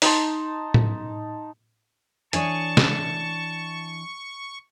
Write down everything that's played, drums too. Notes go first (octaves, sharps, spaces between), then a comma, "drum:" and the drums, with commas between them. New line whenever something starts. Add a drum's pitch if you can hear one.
D#4 A5 C6, drum: open hi-hat
drum: tom A2
E3 D4 G#4 C#5 A5 C#6, drum: hi-hat
drum: snare